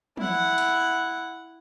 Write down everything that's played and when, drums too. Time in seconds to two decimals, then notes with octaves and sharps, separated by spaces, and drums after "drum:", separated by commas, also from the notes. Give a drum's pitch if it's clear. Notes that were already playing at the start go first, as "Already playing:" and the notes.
0.17 E4 F#5, drum: tom
0.58 drum: hi-hat